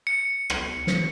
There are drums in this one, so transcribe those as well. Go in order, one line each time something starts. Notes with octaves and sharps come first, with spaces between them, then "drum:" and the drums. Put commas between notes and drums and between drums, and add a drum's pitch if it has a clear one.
C#7
drum: rim click
drum: snare